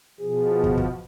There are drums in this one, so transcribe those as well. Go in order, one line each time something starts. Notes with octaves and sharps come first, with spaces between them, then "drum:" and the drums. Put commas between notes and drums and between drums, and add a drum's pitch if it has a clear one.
B2 F3 G#4
drum: kick
drum: kick